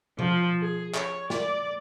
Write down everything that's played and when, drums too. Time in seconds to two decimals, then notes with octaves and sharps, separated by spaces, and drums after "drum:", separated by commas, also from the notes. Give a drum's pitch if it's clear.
0.19 F3, drum: tom B2
0.62 G#4
0.94 C#5, drum: clap
1.30 D5, drum: snare